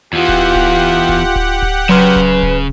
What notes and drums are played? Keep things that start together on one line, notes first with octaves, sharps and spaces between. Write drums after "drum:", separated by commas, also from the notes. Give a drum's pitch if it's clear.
E2 E3 F4 G4 F#5
drum: kick D1
drum: kick D1
drum: kick D1
drum: kick D1
drum: kick D1
C#3 F#3 B4 C6 F6
drum: kick D1
drum: kick D1